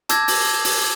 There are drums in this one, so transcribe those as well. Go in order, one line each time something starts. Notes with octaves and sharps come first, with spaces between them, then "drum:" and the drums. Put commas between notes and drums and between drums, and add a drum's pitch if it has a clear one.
A5 D6 E6 G6 G#6 A#6, drum: hi-hat
drum: open hi-hat
drum: open hi-hat